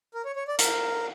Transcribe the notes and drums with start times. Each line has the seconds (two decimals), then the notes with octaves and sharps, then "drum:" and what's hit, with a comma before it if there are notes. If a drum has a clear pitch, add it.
0.14 A#4
0.25 C#5
0.36 C#5
0.48 D5
0.59 A#4, drum: hi-hat